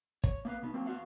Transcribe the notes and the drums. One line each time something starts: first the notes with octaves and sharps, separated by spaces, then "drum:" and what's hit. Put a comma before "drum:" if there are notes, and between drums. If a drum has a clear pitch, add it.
C#5, drum: kick
A#3 B3 B4 F5
B2 B3 D#4
F#3 A#3 C4 A#4
E2 B3 F#4 D#5 F5 F#5